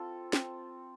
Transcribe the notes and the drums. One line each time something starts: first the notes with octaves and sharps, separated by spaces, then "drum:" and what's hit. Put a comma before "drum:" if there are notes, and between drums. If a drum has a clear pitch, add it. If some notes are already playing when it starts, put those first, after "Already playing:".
Already playing: C4 F4 A4
C4, drum: snare